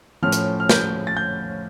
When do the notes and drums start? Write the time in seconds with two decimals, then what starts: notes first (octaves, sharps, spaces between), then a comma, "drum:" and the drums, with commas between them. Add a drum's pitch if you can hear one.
0.22 A2 F3 C#4 F6
0.32 drum: hi-hat
0.60 F6
0.69 G6, drum: snare
1.07 A6
1.17 G6